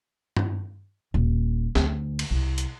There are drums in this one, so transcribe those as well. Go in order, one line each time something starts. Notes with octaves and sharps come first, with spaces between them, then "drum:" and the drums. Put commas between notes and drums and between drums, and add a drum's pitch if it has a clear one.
drum: tom G2
D#1
D2, drum: snare
drum: cymbal
C2
drum: hi-hat